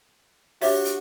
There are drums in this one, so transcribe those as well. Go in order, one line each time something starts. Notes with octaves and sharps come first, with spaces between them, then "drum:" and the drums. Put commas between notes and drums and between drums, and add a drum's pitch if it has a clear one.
D4 F#4 G4 C#5 E5, drum: open hi-hat
drum: hi-hat